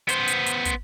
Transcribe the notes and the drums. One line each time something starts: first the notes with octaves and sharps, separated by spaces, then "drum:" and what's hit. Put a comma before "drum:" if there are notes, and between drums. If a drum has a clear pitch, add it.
B3 C5, drum: hi-hat
drum: hi-hat
drum: hi-hat
drum: kick, hi-hat